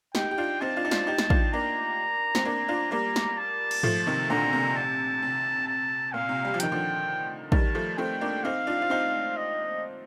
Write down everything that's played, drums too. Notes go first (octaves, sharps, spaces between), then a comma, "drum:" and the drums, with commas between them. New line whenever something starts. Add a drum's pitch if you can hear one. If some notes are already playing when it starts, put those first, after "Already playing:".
D#4 G4 G5, drum: snare
G4
D4 F4
C4 D#4 A5
D4 F4
D#4
D4 F4, drum: snare
D#4 G4
drum: snare
D4 F4, drum: kick
A#3 D4 A#5
C4, drum: snare
A#3 D4 A#5
D4 F4
G3 A#3 A#5
drum: snare
A5
drum: cymbal
F3 A3, drum: tom G#2
C3 D#3
A#2 D3 A#5
C3
A5
C3
A5
A#2 F5
C3
G3
F3
D#3 G5, drum: hi-hat
D3 F3
D#3 G3 A5, drum: kick
F3 A3
A3 C4 G5
A#3 D4
C4 D#4 F5
D4 F4
F4
C4 D#4
D#5